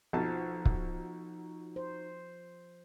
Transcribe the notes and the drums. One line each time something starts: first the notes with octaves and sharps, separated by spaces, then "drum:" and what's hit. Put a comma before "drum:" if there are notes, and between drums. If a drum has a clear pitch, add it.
B1 F3 D#4 F#4 A5
drum: kick
C5